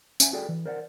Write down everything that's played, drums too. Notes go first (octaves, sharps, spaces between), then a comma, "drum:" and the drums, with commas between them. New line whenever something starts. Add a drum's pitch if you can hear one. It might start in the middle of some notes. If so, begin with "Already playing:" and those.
C#4 C5 E5 F#5 G#5, drum: tambourine
F#4 G#4 A4 D5 G5
E3
A#4 C5 D5 E5 F#5